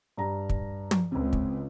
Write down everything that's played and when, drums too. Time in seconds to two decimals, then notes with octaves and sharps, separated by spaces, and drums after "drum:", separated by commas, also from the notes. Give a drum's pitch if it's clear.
0.17 G2 A#5
0.49 drum: kick
0.91 drum: tom
1.12 C#2 C4
1.33 drum: kick